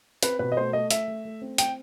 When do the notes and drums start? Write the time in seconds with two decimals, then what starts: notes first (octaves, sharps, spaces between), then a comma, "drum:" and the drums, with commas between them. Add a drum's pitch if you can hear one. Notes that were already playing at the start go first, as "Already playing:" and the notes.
0.23 C4 B4, drum: hi-hat
0.39 B2 B4
0.52 D#5
0.57 A3 C5
0.73 A3 D#5
0.91 A3 E5, drum: hi-hat
1.08 A3
1.25 A3
1.41 C4
1.58 G5, drum: hi-hat